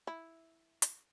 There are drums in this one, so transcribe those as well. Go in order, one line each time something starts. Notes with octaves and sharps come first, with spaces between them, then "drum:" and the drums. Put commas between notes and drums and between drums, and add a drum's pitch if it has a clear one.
E4
drum: hi-hat